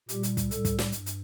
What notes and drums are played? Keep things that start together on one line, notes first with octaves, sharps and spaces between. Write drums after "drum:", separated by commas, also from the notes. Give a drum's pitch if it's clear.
A#2 G3 G4, drum: hi-hat
drum: hi-hat
drum: kick, hi-hat
A2 G3 A4, drum: hi-hat
drum: kick, hi-hat
drum: snare
G2, drum: hi-hat
drum: hi-hat